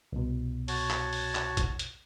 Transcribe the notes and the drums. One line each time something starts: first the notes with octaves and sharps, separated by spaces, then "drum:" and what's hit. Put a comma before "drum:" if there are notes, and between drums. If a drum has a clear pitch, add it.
C2 B2
F#4 C#5 A5, drum: open hi-hat
drum: clap
drum: open hi-hat
drum: clap
drum: kick, hi-hat
drum: hi-hat